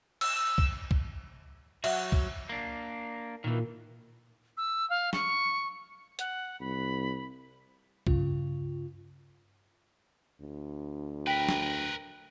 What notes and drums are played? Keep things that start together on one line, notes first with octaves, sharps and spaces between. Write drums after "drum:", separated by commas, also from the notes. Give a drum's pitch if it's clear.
E6, drum: cymbal
drum: kick
drum: kick
F#3 F#4 E5 F#5, drum: cymbal
drum: kick
A#3 D4
A#2 D#3 E3
E6
F5
C#6, drum: snare
F#5, drum: hi-hat
C2 B5
G2 C#3 F4, drum: kick
D2
A#4 B4 G5 B6
drum: snare